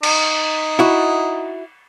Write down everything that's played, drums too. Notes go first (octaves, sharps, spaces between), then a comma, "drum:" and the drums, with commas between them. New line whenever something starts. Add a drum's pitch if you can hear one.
D#4, drum: cymbal
E4 F#4